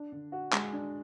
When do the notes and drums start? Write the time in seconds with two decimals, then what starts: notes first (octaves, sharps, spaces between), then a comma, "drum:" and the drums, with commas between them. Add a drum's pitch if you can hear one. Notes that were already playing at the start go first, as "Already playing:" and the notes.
Already playing: D4
0.12 D3
0.32 F#4
0.53 G#3, drum: clap
0.73 D4